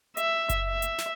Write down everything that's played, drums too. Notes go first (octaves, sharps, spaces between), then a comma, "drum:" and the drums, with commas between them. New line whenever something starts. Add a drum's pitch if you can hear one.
E5, drum: hi-hat
drum: kick F#1, hi-hat
E5
drum: hi-hat
drum: snare